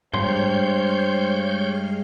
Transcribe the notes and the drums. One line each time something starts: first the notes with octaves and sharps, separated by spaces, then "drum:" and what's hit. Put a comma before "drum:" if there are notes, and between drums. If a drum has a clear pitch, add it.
G2 G#3 C5 C#5 C6 F6 G6 C7, drum: tom G#2